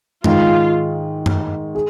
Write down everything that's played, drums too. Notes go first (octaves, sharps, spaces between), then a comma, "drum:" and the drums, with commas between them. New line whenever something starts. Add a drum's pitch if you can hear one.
G#2 D#3 G#3 F4, drum: tom F#2
drum: tom F#2
G#4